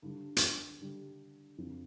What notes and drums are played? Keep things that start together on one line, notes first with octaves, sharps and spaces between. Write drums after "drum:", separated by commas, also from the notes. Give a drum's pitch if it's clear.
G2 D3 G3
drum: hi-hat
G2 D3 G3
F2 D3 F3 C4